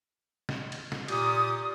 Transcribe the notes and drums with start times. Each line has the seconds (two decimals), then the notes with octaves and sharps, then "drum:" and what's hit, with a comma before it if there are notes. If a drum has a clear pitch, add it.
0.49 drum: snare
0.72 drum: cymbal
0.92 drum: snare
1.08 A#2 G4 D#6, drum: cymbal